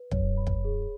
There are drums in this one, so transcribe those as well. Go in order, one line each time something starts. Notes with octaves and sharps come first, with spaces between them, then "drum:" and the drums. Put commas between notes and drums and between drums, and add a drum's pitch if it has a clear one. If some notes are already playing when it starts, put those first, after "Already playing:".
Already playing: B4
F#2 C#5, drum: kick
B5
drum: kick
G#4